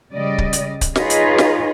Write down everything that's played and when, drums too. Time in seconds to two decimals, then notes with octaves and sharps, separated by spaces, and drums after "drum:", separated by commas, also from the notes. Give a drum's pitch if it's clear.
0.12 C#3 G3 D5 D#5
0.38 drum: kick C#1
0.53 drum: hi-hat
0.81 drum: kick C#1, hi-hat
0.96 D#4 F4 G#4 B4 C#5 D#5, drum: snare
1.10 drum: hi-hat
1.38 drum: snare